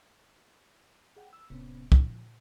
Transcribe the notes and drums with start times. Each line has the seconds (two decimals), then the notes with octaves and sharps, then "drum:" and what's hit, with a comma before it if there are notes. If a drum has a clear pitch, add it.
1.16 G#4 F#5 G5
1.33 E6
1.50 D1 C3 B3 C#4
1.92 F3, drum: kick